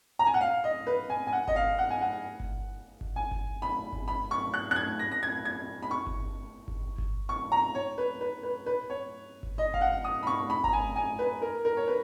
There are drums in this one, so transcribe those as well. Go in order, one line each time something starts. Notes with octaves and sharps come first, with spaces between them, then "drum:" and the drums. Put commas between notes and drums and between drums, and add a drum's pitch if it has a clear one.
A#5
G#5
F#5
F5
D#5
B4
G#5
G#5
F#5
D#5, drum: kick G1
F5
F#5
G#5
F#5
drum: kick G1
drum: kick G1
G#5
drum: kick G1
B5
drum: kick G1
B5
C#6
F#6
F#6
G#6
A#6
A#6
G#6
G#6
B5
C#6
drum: kick G1
drum: kick G1
drum: kick G1
C#6
A#5
C#5
B4
B4
B4
B4
C#5
drum: kick G1
D#5
F5, drum: kick G1
F#5
D#6
B5
C#6
B5
A#5, drum: kick G1
G#5
G#5
B4
A#4
A#4
C#5
B4